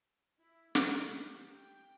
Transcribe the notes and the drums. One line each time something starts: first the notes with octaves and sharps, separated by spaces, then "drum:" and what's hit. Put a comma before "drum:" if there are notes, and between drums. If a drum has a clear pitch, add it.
E4
A3, drum: snare
G4
G5